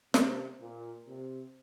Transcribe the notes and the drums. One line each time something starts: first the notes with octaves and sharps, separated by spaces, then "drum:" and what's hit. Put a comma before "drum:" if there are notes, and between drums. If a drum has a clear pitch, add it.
C3, drum: snare
A#2
C3